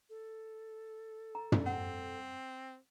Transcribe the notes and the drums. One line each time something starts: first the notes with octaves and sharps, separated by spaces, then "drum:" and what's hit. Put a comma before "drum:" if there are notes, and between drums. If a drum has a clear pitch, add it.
A4
A#5
drum: tom
C4 F#5